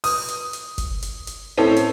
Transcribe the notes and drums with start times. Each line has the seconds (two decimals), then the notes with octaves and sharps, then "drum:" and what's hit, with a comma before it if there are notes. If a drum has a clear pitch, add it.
0.04 D#6, drum: open hi-hat
0.28 drum: hi-hat
0.53 drum: hi-hat
0.78 drum: kick F#1, hi-hat
1.02 drum: hi-hat
1.27 drum: hi-hat
1.58 A2 C4 C#4 A4
1.76 drum: hi-hat